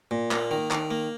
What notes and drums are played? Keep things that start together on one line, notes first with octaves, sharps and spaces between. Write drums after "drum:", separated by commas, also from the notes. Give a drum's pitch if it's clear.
A#2
A#3, drum: clap
D#3
D#3, drum: clap
A#3